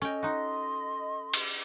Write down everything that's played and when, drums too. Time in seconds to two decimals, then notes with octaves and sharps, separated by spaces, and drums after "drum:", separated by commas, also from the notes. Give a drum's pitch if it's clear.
0.02 C#4 A4 D#5 G5
0.23 D#4 F#4 C6
1.34 drum: cymbal